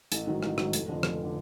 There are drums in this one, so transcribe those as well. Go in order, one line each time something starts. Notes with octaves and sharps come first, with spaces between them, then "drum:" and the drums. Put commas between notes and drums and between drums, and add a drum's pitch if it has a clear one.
A1, drum: hi-hat
G#2 D#3 F#3
A1, drum: rim click
G#2 D#3 F#3, drum: rim click
F1, drum: hi-hat
F2 D3
F1, drum: rim click
D3